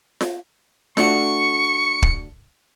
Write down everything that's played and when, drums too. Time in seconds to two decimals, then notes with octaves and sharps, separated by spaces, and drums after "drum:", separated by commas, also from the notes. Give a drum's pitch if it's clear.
0.21 drum: snare F4
0.97 A3 D4 F#4 C#6 C#7, drum: snare F4
2.02 drum: kick